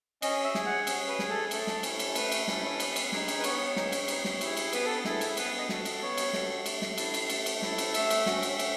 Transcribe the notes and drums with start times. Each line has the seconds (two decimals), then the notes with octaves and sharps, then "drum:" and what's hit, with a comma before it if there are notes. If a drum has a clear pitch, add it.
0.22 C#4 D#5, drum: cymbal
0.44 E5
0.55 G#4, drum: snare
0.66 F#5
0.87 C#4, drum: cymbal
1.08 B4
1.19 G#4, drum: snare
1.30 A4
1.51 A3 A4, drum: cymbal
1.67 drum: snare
1.83 C#4 E4 A4, drum: cymbal
1.99 drum: cymbal
2.15 A3 B4, drum: cymbal
2.32 drum: cymbal
2.48 C#4 E4 A4, drum: snare
2.80 B3, drum: cymbal
2.96 drum: cymbal
3.12 D#4 G#4, drum: snare
3.28 drum: cymbal
3.40 B4
3.44 B3 C#5, drum: cymbal
3.76 D#4 G#4, drum: snare
3.92 drum: cymbal
4.08 B3, drum: cymbal
4.25 drum: snare
4.41 E4 G#4, drum: cymbal
4.57 drum: cymbal
4.73 B3 B4, drum: cymbal
4.85 A4
5.05 E4 G#4 A4, drum: snare
5.21 drum: cymbal
5.37 B3 B4, drum: cymbal
5.58 D#5
5.69 F#4 A4, drum: snare
5.85 drum: cymbal
6.02 B3 C#5
6.17 drum: cymbal
6.33 F#4 A4, drum: snare
6.66 A3, drum: cymbal
6.82 drum: snare
6.98 E4 A4, drum: cymbal
7.14 drum: cymbal
7.29 A3, drum: cymbal
7.46 drum: cymbal
7.62 E4 A4, drum: snare
7.78 drum: cymbal
7.94 A3 E5, drum: cymbal
8.10 drum: cymbal
8.26 C#4 F#4, drum: snare
8.43 drum: cymbal
8.59 A3, drum: cymbal